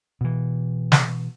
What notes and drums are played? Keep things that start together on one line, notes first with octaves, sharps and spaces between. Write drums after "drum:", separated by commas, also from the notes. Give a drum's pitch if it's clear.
B2 E3
drum: snare